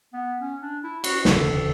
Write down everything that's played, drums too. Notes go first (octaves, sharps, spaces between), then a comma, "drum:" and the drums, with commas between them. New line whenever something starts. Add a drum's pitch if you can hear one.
B3
C#4
D4
E4
F#4, drum: cymbal
E1 D2 C#3 E3 A4, drum: snare